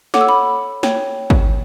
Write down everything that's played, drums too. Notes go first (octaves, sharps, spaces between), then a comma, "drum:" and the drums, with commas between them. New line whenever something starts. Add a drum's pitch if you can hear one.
A4 C#5 F#5 D6, drum: snare
E6
B5 D6
C#5 G5, drum: snare
drum: kick G#1